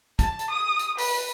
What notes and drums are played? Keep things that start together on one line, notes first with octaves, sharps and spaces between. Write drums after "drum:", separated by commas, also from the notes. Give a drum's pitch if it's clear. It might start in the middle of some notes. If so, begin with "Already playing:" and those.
A5, drum: kick, hi-hat
drum: hi-hat
D#6
drum: hi-hat
B4, drum: open hi-hat